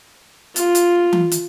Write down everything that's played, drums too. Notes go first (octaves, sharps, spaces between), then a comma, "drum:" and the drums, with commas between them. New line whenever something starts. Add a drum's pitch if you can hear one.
F4, drum: hi-hat
drum: hi-hat
drum: tom E3
drum: hi-hat